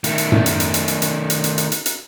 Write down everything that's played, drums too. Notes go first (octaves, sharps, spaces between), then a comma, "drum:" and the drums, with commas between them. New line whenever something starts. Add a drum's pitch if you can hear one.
D#3 A3, drum: hi-hat
drum: hi-hat
drum: tom F#2
drum: hi-hat
drum: hi-hat
drum: hi-hat
drum: hi-hat
drum: hi-hat
drum: hi-hat
drum: hi-hat
drum: hi-hat
drum: hi-hat
drum: hi-hat